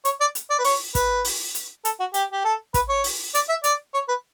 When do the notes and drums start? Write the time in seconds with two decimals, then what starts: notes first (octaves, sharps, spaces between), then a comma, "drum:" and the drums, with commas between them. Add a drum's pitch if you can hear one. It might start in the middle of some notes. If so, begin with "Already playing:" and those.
0.05 C#5, drum: hi-hat
0.21 D5
0.35 drum: hi-hat
0.50 D5
0.59 B4
0.64 C#5, drum: open hi-hat
0.95 B4, drum: kick, hi-hat
1.25 drum: open hi-hat
1.55 drum: hi-hat
1.85 A4, drum: hi-hat
2.00 F#4
2.14 G4, drum: hi-hat
2.32 G4
2.44 A4
2.74 B4, drum: kick, hi-hat
2.89 C#5
3.04 drum: open hi-hat
3.34 D5, drum: hi-hat
3.49 E5
3.64 D5, drum: hi-hat
3.94 C#5
4.08 B4